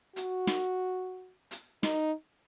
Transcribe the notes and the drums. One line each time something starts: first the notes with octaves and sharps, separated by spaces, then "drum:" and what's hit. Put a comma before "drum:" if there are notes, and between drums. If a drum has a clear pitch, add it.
F#4, drum: hi-hat
drum: snare
drum: hi-hat
D#4, drum: snare